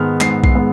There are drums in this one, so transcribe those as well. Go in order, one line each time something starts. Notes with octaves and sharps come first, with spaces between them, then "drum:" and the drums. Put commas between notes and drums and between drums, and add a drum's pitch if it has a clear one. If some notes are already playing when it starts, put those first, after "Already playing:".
Already playing: G#2 D#3 G#3 B3 F6
G#2 C7, drum: clap
C7, drum: kick B1
G#3 B3